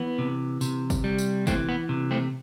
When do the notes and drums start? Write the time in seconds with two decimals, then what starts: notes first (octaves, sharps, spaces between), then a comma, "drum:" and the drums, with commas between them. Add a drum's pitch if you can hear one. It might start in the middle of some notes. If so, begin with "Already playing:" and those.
Already playing: E3 B3
0.19 C3
0.61 C3, drum: tambourine
0.90 drum: kick G1, tambourine
1.04 G3
1.18 drum: tambourine
1.47 E3 A3 C4, drum: kick G1, tambourine
1.69 B3
1.89 C3
2.11 A3 C4